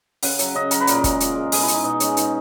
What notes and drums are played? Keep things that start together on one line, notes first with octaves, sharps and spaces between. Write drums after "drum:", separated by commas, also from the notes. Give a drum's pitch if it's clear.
C#3 F#5, drum: open hi-hat
F#3 E5, drum: hi-hat
C#3 D#5
F#3 A#4, drum: hi-hat
B4
A#2 A#4, drum: hi-hat
G#3, drum: kick, hi-hat
A#2, drum: hi-hat
G#3
B2 G#4, drum: open hi-hat
E4
G#3, drum: hi-hat
D#4
B2 D#4
G#3 C#4, drum: hi-hat
B2 D#4, drum: hi-hat